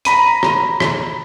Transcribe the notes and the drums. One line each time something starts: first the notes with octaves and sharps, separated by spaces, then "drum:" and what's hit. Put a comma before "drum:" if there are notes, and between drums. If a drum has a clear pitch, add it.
A#5 B5 D#7, drum: hi-hat
drum: rim click
drum: rim click